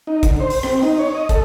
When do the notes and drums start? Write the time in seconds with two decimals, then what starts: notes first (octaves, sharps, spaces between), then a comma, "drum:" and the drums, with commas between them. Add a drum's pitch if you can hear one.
0.07 D#4
0.23 D3, drum: kick, hi-hat
0.40 C5
0.50 drum: open hi-hat
0.63 C4, drum: rim click
0.83 D#4
0.99 C#5
1.15 D#5
1.29 A4, drum: kick, hi-hat